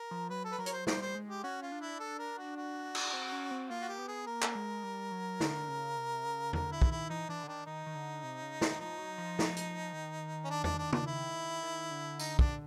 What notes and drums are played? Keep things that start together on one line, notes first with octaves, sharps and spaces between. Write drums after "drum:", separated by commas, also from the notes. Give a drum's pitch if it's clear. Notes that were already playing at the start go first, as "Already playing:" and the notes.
Already playing: A#4
F3
F#3 B4
A4
B4
F#3 A#4
C#5, drum: hi-hat
C5
G3 C5, drum: snare
C5
G#3
G4
C#4 F#4
F4
D4
E4
A4
A#4
F#4
F#4
drum: cymbal
C4
C#4
C4
A#3 F4
F#4
G4
B3
G#4
A#3 A#4
drum: clap
G#3
G3
F#3
D3, drum: snare
C#3
C3
C#3
D3 A#4, drum: tom E2
E4
D#3, drum: kick
E4
E3 D#4
E3 D4
D3
D#3 D4
D#3 D#4
D#3
D3
C3
C#3
D#3, drum: snare
F3 D#4
F#3
F3
drum: snare
drum: hi-hat
D#3
C#4
D4
D4, drum: tom E2
D4
D4, drum: tom
E4
D#3
D3
D#4, drum: tambourine
D4, drum: kick